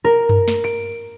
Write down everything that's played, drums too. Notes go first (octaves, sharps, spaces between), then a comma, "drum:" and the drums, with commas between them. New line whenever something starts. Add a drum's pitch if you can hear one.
A#4
drum: tom F#2
drum: snare
D7